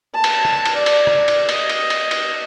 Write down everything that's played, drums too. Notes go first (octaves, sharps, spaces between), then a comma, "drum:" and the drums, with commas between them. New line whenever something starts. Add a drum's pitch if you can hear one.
A5
drum: cymbal
drum: rim click
drum: cymbal
D5
drum: cymbal
drum: rim click
drum: cymbal
D#5, drum: cymbal
drum: cymbal
drum: cymbal
drum: cymbal